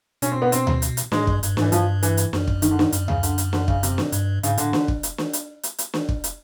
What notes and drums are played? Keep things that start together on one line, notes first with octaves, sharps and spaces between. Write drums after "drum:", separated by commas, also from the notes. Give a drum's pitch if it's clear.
B2 C#4, drum: hi-hat
C4
B3
C4, drum: hi-hat
drum: tom D2
drum: hi-hat
drum: hi-hat
A2 G#3, drum: snare
G2, drum: kick
G2, drum: hi-hat
G#2 E3, drum: snare
G2 F3, drum: hi-hat
E3, drum: hi-hat
drum: hi-hat
F#2, drum: snare
drum: kick
D#3, drum: hi-hat
D3
D#3, drum: snare
F#2, drum: hi-hat
C#3, drum: tom D2
D3, drum: hi-hat
drum: hi-hat
D3, drum: snare
C#3, drum: kick
C3, drum: hi-hat
drum: snare
G2, drum: hi-hat
G#2 C#3, drum: hi-hat
A2 D3, drum: hi-hat
drum: snare
drum: kick
drum: hi-hat
drum: snare
drum: hi-hat
drum: hi-hat
drum: hi-hat
drum: snare
drum: kick
drum: hi-hat